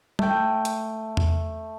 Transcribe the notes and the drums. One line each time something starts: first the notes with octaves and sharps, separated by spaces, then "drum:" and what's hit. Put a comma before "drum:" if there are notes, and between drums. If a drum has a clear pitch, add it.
A3 G5, drum: tom
drum: hi-hat
drum: tom E2